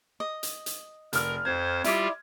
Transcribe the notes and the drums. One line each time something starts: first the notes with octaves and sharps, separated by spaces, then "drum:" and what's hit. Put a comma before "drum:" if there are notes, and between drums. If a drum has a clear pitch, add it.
D#5
drum: hi-hat
drum: hi-hat
F1 A#4 F6, drum: hi-hat
F2 C5 G#6
G3 E4 F4 G4 D#5 D6, drum: hi-hat